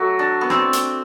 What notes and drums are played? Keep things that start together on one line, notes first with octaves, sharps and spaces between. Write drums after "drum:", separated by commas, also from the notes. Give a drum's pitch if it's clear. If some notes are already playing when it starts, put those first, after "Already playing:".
Already playing: F#3 A3 F#4
D4
B3
C4, drum: rim click
drum: hi-hat